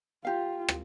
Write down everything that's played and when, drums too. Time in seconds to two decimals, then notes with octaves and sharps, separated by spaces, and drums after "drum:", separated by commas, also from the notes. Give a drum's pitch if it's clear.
0.25 F4 G4 F5
0.69 drum: rim click